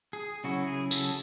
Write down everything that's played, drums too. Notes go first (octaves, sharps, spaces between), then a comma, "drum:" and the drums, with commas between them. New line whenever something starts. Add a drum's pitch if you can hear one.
G#4
C#3 F#3 C#4 E4 F#4
G#4
A4, drum: tambourine